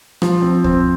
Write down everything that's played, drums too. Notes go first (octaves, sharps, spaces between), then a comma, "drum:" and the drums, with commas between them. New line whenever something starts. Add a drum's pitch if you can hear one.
F3, drum: rim click
C4
C4, drum: kick